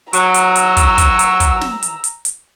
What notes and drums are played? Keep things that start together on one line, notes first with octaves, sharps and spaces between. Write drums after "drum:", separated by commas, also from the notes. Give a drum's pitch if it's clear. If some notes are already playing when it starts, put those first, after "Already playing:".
F#3 A#5 E6, drum: hi-hat
drum: hi-hat
drum: hi-hat
drum: kick, hi-hat
drum: kick, hi-hat
drum: hi-hat
drum: kick, hi-hat
drum: snare
drum: hi-hat
drum: hi-hat
drum: hi-hat